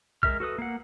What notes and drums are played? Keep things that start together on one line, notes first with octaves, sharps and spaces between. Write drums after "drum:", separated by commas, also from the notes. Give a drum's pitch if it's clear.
G#3 A#4 E5 F6, drum: kick B1
F#4 A4 B4 D#6
A#3 F#5